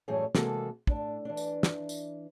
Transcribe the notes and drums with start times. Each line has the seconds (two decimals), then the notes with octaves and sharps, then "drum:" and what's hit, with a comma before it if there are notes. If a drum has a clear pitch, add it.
0.08 F#2 A2 E3 G3 G#4 C#5
0.35 C3 E3 G#3 A#3 F#4 A4, drum: snare
0.87 A2 D4, drum: kick
1.25 E3 D4
1.37 drum: tambourine
1.63 drum: snare
1.89 drum: tambourine